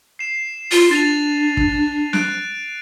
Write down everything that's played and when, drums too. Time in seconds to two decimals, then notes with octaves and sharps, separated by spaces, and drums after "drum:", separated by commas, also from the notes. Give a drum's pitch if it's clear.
0.19 C7 E7
0.71 F4, drum: open hi-hat
0.91 D4 A6 D#7 F7
1.57 drum: kick
2.13 F#6 D7, drum: snare